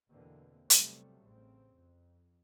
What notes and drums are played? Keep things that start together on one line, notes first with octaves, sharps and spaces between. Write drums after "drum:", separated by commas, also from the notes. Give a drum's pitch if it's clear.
E2 B2 D3 E3 A#3 C4
C3 F#3 G3 A3 B3, drum: hi-hat
A1 C#3 C4
F2